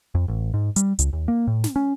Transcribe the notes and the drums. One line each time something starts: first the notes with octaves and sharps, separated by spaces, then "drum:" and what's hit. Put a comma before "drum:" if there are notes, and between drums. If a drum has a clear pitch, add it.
F2
A1
G#2
G3, drum: hi-hat
C#2, drum: hi-hat
D#2
A#3
A2
drum: snare
C#4